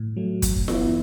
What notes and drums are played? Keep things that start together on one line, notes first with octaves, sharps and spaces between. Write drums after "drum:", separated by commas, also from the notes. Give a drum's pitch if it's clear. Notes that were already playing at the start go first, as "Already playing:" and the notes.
Already playing: A2
F#3 A3
F#2, drum: kick, hi-hat
E3 B3 E4, drum: snare F4